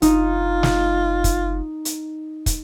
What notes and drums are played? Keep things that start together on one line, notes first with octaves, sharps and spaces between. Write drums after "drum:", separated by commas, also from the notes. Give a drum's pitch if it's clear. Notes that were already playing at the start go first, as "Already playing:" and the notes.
F#1 D#4 F4, drum: hi-hat
drum: snare
drum: kick, hi-hat
drum: hi-hat
drum: kick, hi-hat